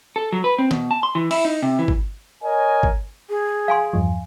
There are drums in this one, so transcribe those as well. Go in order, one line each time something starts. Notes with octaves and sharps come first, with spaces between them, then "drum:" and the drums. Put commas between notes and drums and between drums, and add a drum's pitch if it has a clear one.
A4
F#3
B4
C4
B2, drum: snare
A5
C6
E3
E4, drum: open hi-hat
D#4
C3
E3
drum: kick G1
A#4 C#5 D#5 G#5
drum: kick G1
G#4
F5 G#5 C6
E2 G2 F3